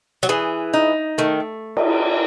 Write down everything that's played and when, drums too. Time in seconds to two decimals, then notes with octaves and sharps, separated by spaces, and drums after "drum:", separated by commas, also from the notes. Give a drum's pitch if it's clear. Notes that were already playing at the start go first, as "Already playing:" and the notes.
0.23 F#3
0.29 E3 G#4
0.73 D#4
1.18 D#3 A3
1.77 drum: cymbal